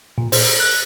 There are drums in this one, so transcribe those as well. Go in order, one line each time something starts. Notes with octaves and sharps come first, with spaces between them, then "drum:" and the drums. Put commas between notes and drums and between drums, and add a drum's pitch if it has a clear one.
A#2
C5, drum: open hi-hat
F#6